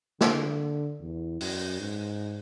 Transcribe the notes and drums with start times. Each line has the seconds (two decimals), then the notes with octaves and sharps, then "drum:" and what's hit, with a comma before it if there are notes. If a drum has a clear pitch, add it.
0.21 D3, drum: snare
1.00 E2
1.41 F#2, drum: open hi-hat
1.80 G#2